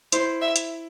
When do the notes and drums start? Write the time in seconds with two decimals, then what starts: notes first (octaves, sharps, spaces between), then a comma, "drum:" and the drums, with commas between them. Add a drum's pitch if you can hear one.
0.12 E4 C5, drum: hi-hat
0.41 E5
0.56 drum: hi-hat